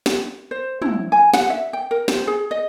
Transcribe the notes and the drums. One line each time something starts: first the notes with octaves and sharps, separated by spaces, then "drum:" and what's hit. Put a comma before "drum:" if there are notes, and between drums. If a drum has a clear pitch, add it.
drum: snare
C5
E4, drum: tom
G#5
F#5, drum: snare
E5
G5
A#4
C5, drum: snare
G#4
D#5